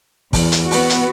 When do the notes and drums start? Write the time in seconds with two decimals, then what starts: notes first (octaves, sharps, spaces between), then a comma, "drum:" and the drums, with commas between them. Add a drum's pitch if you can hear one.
0.33 E2, drum: kick, open hi-hat
0.52 drum: hi-hat
0.71 B3 F#4, drum: open hi-hat
0.90 drum: hi-hat